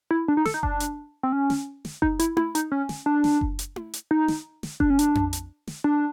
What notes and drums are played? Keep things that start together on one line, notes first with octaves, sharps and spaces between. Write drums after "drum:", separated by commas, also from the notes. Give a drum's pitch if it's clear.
E4
D4
D#4
A4, drum: snare
D#4
D4, drum: kick F#1
drum: hi-hat
C4
C#4
drum: snare
drum: snare
D#4, drum: kick F#1
E4, drum: hi-hat
E4, drum: tom E4
D#4, drum: hi-hat
C#4
drum: snare
D4
drum: snare
drum: kick F#1
drum: hi-hat
drum: tom E4
drum: hi-hat
D#4
drum: snare
drum: snare
D4, drum: kick F#1
C#4
D4, drum: hi-hat
drum: tom F2
drum: hi-hat
drum: snare
D4